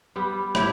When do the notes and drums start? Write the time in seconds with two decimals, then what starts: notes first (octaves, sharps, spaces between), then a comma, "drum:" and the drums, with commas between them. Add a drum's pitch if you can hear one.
0.16 G3 B3
0.55 A2 E4 G4, drum: rim click